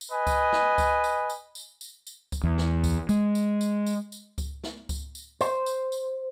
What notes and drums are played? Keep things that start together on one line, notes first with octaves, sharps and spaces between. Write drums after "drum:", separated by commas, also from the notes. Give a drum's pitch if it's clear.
drum: tambourine
B4 D#5 G#5
drum: kick C#2, tambourine
drum: snare
drum: kick C#2, tambourine
drum: tambourine
drum: tambourine
drum: tambourine
drum: tambourine
drum: tambourine
drum: kick C#2, tambourine
E2
drum: snare
drum: kick C#2, tambourine
G#3, drum: tambourine
drum: tambourine
drum: tambourine
drum: tambourine
drum: tambourine
drum: kick C#2, tambourine
drum: snare
drum: kick C#2, tambourine
drum: tambourine
C5, drum: tambourine
drum: tambourine
drum: tambourine